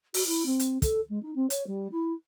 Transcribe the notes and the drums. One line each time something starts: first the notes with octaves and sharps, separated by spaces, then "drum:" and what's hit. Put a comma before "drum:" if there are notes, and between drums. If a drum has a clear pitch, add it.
F#4, drum: open hi-hat
E4
C4
drum: hi-hat
A4, drum: kick, hi-hat
G#3
D#4
C4
C#5, drum: hi-hat
G3
E4